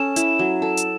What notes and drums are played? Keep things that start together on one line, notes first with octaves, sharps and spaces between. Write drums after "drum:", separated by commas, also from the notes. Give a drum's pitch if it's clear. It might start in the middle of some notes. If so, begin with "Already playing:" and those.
Already playing: C#4 A4 E7
E4, drum: hi-hat
F#3
A4
drum: hi-hat